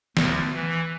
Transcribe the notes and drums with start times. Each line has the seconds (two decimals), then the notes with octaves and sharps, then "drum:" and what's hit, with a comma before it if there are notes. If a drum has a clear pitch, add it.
0.17 D2, drum: snare
0.54 E3